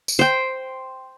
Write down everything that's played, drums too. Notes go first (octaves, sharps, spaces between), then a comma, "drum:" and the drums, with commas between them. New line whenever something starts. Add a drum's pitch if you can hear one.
drum: tambourine
C5 G5